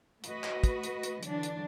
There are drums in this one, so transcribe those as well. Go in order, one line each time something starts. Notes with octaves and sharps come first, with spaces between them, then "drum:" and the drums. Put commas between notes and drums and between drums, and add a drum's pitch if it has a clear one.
A3 F#4 B4 D#5, drum: hi-hat
drum: clap
drum: kick, hi-hat
drum: hi-hat
drum: hi-hat
D3 E3 F#3 D4, drum: hi-hat
drum: hi-hat